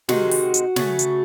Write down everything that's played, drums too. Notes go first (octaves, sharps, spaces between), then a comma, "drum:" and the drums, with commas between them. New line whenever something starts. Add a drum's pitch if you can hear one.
C3 D#3 G#3 F#4, drum: snare
drum: open hi-hat
drum: hi-hat
C#3 F#3 A3, drum: snare
drum: hi-hat